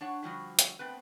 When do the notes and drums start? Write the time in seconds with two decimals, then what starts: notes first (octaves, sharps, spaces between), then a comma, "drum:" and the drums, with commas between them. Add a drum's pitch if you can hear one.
0.01 D4 C#5 F#5
0.23 D3 F3 G3 F#4
0.59 drum: hi-hat
0.79 A3 B3 C4 B4